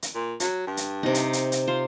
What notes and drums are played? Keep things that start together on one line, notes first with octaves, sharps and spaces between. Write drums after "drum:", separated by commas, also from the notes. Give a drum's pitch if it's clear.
drum: hi-hat
A#2
F#3, drum: hi-hat
G2
drum: hi-hat
C3 D#4
drum: hi-hat
drum: hi-hat
drum: hi-hat
F4 C5